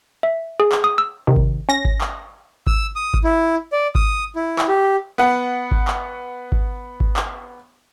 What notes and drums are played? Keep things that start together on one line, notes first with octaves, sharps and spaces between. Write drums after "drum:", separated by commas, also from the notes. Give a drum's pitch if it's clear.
E5
G#4
drum: clap
D#6
E6
C2 C3 D#3
drum: kick G#1
C#4 A#6
drum: kick G#1
drum: clap
E6, drum: kick G#1
D#6
drum: kick G#1
E4
D5
D#6, drum: kick G#1
E4
drum: clap
G4
B3 F#5
drum: kick G#1
drum: clap
drum: kick G#1
drum: kick G#1
drum: clap